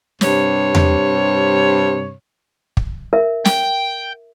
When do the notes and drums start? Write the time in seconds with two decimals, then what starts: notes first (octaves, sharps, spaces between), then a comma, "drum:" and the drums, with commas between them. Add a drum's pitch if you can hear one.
0.21 G2 C3 C#5, drum: snare
0.75 drum: tom E2
2.77 drum: kick
3.13 A#4 E5
3.45 G5, drum: snare